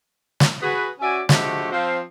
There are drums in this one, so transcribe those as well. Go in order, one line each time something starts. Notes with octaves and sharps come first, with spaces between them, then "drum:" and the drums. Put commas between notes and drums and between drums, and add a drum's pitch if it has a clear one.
drum: snare
F#4 G#4 B4
C#4 F#4 D5 E5 G#5
D3 F3 G#3 A3 F#4 G4, drum: snare
F3 C4 F5